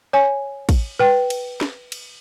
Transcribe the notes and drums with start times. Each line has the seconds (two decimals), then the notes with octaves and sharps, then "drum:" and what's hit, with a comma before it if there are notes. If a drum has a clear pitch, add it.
0.13 C#5 G#5
0.69 drum: kick, cymbal
1.00 B4 G5
1.30 drum: cymbal
1.61 drum: snare
1.92 drum: cymbal